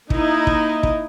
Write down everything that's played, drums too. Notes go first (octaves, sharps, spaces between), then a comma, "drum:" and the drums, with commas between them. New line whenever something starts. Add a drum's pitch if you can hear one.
A#3 D#4 E4 D#5, drum: kick
drum: kick
drum: kick